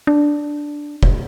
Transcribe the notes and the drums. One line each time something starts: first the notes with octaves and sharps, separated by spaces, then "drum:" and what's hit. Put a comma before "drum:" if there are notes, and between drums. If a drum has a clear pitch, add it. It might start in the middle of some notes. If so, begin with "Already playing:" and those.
D4
drum: kick